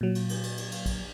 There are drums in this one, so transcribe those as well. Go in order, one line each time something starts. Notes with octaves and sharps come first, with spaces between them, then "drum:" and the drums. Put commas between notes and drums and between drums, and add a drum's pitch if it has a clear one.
A#2 F#3
drum: cymbal
drum: cymbal
drum: cymbal
drum: cymbal
drum: cymbal
drum: kick, cymbal